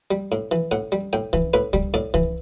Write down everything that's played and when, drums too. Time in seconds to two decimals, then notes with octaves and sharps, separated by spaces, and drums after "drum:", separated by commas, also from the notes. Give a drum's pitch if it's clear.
0.11 G3
0.32 A2
0.52 E3
0.71 A2 F#5
0.92 G3
1.13 A2 G5
1.33 E3, drum: kick C2
1.54 A2 B4
1.73 G3, drum: kick C2
1.94 A2 D5
2.14 E3, drum: kick C2